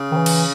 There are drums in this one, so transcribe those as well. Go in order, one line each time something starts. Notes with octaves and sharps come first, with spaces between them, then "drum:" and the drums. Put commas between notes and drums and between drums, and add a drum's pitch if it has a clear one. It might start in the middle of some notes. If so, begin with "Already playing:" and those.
Already playing: C#3
D#3
E3
drum: cymbal